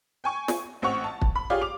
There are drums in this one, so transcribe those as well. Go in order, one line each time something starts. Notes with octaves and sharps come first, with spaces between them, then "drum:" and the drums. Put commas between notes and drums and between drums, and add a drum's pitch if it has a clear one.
G5 G#5 C#6
drum: snare
A1 C4 F#5 C#6 F7
A5
drum: kick
B5
F4 G4 G#4 C#5 D5 F5
D6 F7